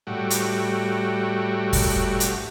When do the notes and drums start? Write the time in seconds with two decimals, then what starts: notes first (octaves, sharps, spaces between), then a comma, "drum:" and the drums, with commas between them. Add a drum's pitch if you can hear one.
0.07 A2 G3 F#4
0.30 drum: hi-hat
1.73 drum: kick F#1, open hi-hat
2.20 drum: hi-hat